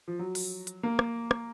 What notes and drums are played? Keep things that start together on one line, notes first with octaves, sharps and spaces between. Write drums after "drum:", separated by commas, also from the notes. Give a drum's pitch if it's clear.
F3
F#3
drum: open hi-hat
drum: hi-hat
A#3
drum: rim click
drum: rim click